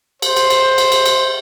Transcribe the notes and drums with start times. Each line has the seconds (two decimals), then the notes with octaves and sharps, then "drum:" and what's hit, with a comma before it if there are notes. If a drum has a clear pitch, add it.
0.22 C5, drum: cymbal
0.37 drum: cymbal
0.50 drum: cymbal
0.78 drum: cymbal
0.92 drum: cymbal
1.06 drum: cymbal